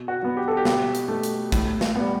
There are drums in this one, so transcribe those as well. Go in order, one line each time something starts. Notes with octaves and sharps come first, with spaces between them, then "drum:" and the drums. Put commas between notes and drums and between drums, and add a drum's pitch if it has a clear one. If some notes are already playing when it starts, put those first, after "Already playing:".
Already playing: B2
F#4
F#3 B3
G4
A4
G4
B2, drum: snare
drum: hi-hat
A3
drum: hi-hat
A2, drum: kick, hi-hat
drum: snare
G3 B3